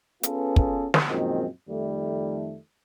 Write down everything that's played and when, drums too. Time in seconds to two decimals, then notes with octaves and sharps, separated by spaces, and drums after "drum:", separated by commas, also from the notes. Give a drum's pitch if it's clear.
0.23 B3 C#4 F4 G#4 A4 B4, drum: hi-hat
0.56 drum: kick
0.94 drum: snare
1.08 F#2 A#2 D#3 F3 G#3 C4
1.69 F2 D#3 G3 A3